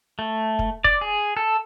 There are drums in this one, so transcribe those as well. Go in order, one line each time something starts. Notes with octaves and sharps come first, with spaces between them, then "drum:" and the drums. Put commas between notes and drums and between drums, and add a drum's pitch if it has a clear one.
A3
drum: kick
D5, drum: kick
G#4
A4